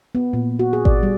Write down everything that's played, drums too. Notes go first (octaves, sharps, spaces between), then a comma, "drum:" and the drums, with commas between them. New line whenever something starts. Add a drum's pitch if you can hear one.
B3
A#2
F#4
G#4
D5, drum: kick G#1
G3